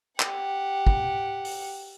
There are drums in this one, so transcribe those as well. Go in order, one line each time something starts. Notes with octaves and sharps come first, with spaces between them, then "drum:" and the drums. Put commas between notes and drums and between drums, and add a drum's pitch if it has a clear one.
G4 F#5, drum: clap
drum: kick
drum: open hi-hat